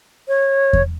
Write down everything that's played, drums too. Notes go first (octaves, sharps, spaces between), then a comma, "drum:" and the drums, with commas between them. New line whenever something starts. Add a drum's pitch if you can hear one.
C#5
drum: kick E2